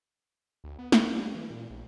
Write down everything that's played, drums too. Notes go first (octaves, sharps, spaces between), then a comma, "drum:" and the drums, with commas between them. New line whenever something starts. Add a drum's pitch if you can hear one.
D2
B3
A#3, drum: snare
G3
E3
A#2
A#1